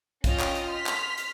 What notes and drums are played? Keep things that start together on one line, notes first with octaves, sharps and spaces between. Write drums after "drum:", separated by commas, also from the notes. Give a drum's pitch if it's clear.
C#4 F4 D#5 G5 D#6 F6, drum: kick, hi-hat
drum: clap
drum: hi-hat
C6 F6 B6
drum: clap
drum: hi-hat